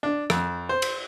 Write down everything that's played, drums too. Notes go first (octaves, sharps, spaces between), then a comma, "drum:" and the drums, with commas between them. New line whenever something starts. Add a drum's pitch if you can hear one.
D4
F2, drum: rim click
C5
drum: cymbal